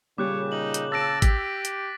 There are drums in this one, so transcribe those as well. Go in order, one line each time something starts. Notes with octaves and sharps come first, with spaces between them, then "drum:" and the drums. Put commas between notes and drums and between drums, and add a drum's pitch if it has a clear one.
A#2 C#3 G3 C#5 D6 F#6 G6
D#4 F#7
drum: hi-hat
A5 E6 A6 A#6 D7
G4 B6, drum: kick G#1, hi-hat
drum: hi-hat